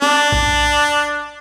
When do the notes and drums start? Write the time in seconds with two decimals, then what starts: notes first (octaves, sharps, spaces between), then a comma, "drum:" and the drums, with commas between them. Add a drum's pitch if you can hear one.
0.02 D4, drum: snare
0.32 drum: kick A#1